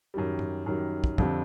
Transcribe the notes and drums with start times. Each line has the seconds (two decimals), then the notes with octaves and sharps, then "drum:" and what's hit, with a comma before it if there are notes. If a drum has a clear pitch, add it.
0.14 F#2 D#3 G3
0.39 drum: tom
0.66 F#2 D#3 G3
1.04 drum: kick
1.18 F2 D3 G3 C4, drum: kick